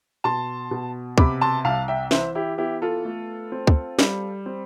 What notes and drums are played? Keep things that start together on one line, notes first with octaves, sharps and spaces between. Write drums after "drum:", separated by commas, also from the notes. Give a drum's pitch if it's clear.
B2 A5 C6
B2
C3 B5 D6, drum: kick
A5 C6
C2 F5 A5
E5 G5
E3 C5 E5, drum: snare
E4 G4
B3 E4 G4
F4 A4
A3
C4
drum: kick
G3, drum: snare
C4